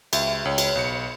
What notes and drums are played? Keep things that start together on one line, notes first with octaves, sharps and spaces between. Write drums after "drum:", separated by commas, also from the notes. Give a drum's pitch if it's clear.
C#2 E5, drum: cymbal
C#2 C#5
drum: cymbal
B1 C#7